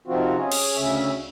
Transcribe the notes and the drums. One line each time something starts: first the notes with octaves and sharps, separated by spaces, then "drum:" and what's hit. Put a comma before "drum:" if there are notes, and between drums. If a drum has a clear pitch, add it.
C3 D#3 F3 C4 F4 F#4
C#4 G#4
drum: cymbal
D2 C#3 C#4 E5